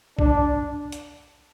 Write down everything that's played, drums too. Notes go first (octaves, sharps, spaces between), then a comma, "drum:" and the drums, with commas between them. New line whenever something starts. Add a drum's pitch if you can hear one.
D4, drum: kick B1
drum: hi-hat